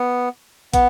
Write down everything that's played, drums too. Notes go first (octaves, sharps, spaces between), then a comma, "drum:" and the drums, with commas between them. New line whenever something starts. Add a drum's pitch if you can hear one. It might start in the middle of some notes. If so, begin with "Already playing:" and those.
Already playing: B3
B3, drum: kick, hi-hat